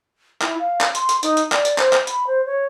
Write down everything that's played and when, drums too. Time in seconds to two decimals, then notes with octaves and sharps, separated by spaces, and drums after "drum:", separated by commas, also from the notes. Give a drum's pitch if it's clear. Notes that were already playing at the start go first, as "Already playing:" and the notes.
0.42 E4, drum: clap
0.59 F5
0.81 drum: clap
0.95 C6, drum: hi-hat
1.09 drum: hi-hat
1.23 D#4, drum: hi-hat
1.37 drum: hi-hat
1.52 D5, drum: clap
1.65 drum: hi-hat
1.78 C5, drum: clap
1.93 drum: clap
2.07 B5, drum: hi-hat
2.27 C5
2.46 C#5